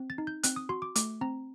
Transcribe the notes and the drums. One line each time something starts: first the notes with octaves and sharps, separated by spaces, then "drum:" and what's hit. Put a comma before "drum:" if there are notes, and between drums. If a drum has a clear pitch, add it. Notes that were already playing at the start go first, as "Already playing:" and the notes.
Already playing: C4
A6
D#4
G6
C4 F#6, drum: hi-hat
D#6
F#4 C6
D6
A3 D6, drum: hi-hat
C4 A#5